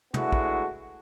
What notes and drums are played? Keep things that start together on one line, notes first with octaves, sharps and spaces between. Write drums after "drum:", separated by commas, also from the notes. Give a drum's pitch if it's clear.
D3 G#3 A3 B3 E4 F#4, drum: tom
drum: kick